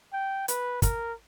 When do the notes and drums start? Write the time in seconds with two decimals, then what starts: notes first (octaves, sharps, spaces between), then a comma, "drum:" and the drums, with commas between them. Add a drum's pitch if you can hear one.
0.13 G5
0.48 B4, drum: hi-hat
0.82 A#4, drum: kick, hi-hat